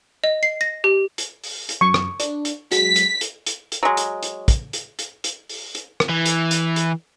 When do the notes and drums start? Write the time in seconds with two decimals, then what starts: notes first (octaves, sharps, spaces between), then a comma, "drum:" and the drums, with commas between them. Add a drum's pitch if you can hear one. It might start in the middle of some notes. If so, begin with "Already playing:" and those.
0.24 D#5
0.43 C7
0.61 A#6
0.84 G4
1.18 drum: hi-hat
1.44 drum: open hi-hat
1.69 drum: hi-hat
1.81 F#2 C#6
1.94 drum: rim click
2.20 D4, drum: hi-hat
2.45 drum: hi-hat
2.72 F#3 G#3 B6, drum: hi-hat
2.96 drum: hi-hat
3.21 drum: hi-hat
3.46 drum: hi-hat
3.72 drum: hi-hat
3.83 F#3 G#3
3.97 drum: hi-hat
4.23 drum: hi-hat
4.48 drum: kick, hi-hat
4.73 drum: hi-hat
4.99 drum: hi-hat
5.24 drum: hi-hat
5.49 drum: open hi-hat
5.75 drum: hi-hat
6.00 drum: rim click
6.10 E3
6.26 drum: hi-hat
6.51 drum: hi-hat
6.76 drum: hi-hat